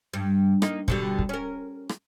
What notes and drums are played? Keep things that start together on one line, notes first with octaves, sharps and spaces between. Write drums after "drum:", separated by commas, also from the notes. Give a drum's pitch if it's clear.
G2
A#3 D#4, drum: rim click
B2 D3 G3, drum: kick
drum: kick
C#4 A#4
drum: rim click